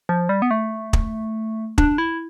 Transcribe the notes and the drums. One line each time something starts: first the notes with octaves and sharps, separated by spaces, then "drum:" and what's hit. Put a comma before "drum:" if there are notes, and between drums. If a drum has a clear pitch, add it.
F3
G3
B3
A3
drum: kick
D4, drum: kick
E4